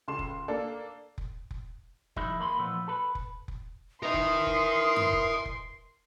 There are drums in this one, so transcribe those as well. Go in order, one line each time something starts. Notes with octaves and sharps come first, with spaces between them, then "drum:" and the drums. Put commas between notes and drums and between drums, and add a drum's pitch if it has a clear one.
C#2 C#3 A4 C6 E7
drum: kick F1
A#3 D4 A4
drum: kick F1
drum: kick F1
C2 F2 G#3 D#4 E4, drum: kick F1
D#2 A#3 B4 B5 C6
A#2 E3 F3 A3 B3
A4 B4
drum: kick F1
drum: kick F1
E3 A#4 D#5 C6 D#6
drum: kick F1
drum: kick F1
drum: tom F#2
drum: kick F1
drum: kick F1